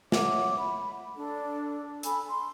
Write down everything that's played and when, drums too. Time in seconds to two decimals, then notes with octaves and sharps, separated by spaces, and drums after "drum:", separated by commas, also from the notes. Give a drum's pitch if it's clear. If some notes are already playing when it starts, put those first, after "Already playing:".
0.12 C#5 E5 F#5 D6, drum: snare
0.57 B5
1.16 D4 A4
2.03 A4 G#5 B5 E6, drum: hi-hat
2.29 C6